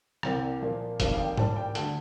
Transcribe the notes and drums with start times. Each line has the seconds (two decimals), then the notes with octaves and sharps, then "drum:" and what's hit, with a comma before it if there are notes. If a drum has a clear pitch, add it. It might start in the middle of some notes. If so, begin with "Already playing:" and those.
0.23 C2 C3 G3 A#3 G5, drum: rim click
0.62 A#2 F3 A#3
1.00 F2 D#3 G3 A#3 F5, drum: kick F#1, hi-hat
1.14 F5
1.19 G5
1.37 A2 G3 A#3 A5, drum: tom G#2
1.56 G5
1.75 D2 D3 A3 A5, drum: hi-hat